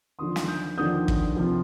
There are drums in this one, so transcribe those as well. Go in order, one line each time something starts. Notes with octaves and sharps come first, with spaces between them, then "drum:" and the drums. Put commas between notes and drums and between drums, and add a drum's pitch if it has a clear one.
D#2 D3 F3 C6 D#6
drum: snare
D#6 G6
D#2 D3 F3 D#6 G6
drum: kick
C3 F3